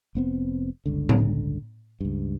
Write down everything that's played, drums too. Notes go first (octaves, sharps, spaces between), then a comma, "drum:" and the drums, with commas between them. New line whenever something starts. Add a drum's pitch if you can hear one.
F1 B3 C4
G1 C#2 D3
drum: tom A2
C#2 G2